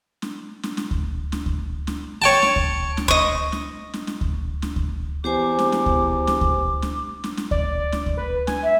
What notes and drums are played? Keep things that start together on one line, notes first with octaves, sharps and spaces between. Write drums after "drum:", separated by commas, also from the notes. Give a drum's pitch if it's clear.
drum: snare
drum: snare
drum: snare
drum: kick D2
drum: snare
drum: kick D2
drum: snare
C#5 G5 A5
drum: snare
drum: kick D2
drum: snare
D#5 C#6, drum: kick D2
drum: snare
drum: snare
drum: snare
drum: kick D2
drum: snare
drum: kick D2
E2 G4 C5 G#5 D6
drum: snare
drum: snare
drum: kick D2
drum: snare
drum: kick D2
drum: snare
drum: snare
drum: snare
D5, drum: kick D2
drum: snare
drum: kick D2
B4
G#5, drum: snare
E5